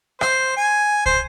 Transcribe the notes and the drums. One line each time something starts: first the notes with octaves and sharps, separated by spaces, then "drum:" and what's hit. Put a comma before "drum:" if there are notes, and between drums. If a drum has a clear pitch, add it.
C5, drum: rim click
G#5
C5, drum: kick